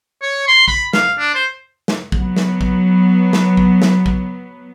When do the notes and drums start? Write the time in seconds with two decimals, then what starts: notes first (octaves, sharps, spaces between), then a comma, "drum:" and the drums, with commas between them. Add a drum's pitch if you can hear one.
0.22 C#5
0.47 C6
0.68 B5, drum: kick
0.93 F5, drum: snare
1.19 D4
1.35 C5
1.88 drum: snare
2.12 F#3 B3, drum: kick
2.36 drum: snare
2.61 drum: kick
3.33 drum: snare
3.57 drum: kick
3.82 drum: snare
4.06 drum: kick